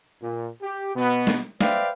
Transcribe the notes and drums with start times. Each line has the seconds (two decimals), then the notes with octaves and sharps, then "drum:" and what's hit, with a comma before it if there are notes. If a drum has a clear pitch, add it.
0.21 A#2
0.61 G4
0.95 B2 B3
1.27 drum: snare
1.61 B4 C5 D5 E5 F5 G5, drum: snare